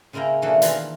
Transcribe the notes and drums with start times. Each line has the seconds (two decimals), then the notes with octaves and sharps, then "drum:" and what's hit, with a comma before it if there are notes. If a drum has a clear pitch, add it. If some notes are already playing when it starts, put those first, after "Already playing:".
0.13 C#3 G#3 A#3 E4 G5 A#5
0.42 B2 E3 A3 A#3 D4
0.62 D#3 E3 F4 A#4, drum: hi-hat